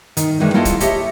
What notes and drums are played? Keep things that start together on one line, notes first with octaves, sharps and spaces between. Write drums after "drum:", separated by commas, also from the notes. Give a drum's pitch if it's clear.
D#3, drum: hi-hat
D#3 E3 G#3 D4 A#4
A#3 E4 F4 A4 D#5 F5
drum: kick, hi-hat
G4 A4 C#5 D#5 E5, drum: hi-hat